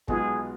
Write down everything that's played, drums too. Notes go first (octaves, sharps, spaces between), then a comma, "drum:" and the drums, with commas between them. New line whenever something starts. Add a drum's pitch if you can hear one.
B1 B2 G#3 B3 F4 G#4, drum: kick